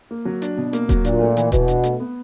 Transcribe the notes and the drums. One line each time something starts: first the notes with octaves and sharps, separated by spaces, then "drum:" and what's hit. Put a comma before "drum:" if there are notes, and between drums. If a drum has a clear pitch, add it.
A#3
F#3
D4, drum: hi-hat
B2
A#3, drum: hi-hat
F#3, drum: kick D#1, hi-hat
A#2 D4, drum: hi-hat
A3
E3, drum: hi-hat
B2 E3, drum: kick D#1, hi-hat
D4, drum: hi-hat
A3, drum: hi-hat
B3